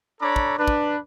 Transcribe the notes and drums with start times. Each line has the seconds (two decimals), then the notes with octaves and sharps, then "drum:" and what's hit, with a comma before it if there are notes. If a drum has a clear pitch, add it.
0.20 D4 A4 C#5 A#5 B5 D6
0.36 drum: kick
0.58 D4 B4
0.68 drum: kick